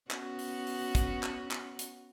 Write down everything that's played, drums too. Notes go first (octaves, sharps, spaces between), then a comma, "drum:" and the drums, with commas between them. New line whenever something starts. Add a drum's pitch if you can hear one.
B3 C#4 F#4, drum: clap
drum: open hi-hat
drum: open hi-hat
drum: kick, hi-hat
drum: clap
drum: clap
drum: hi-hat